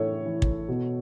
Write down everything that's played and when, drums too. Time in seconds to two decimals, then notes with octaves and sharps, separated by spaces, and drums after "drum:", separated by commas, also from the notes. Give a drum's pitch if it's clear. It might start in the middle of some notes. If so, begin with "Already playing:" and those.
Already playing: A2 E3 A4 C#5
0.26 E3
0.42 drum: kick
0.68 B2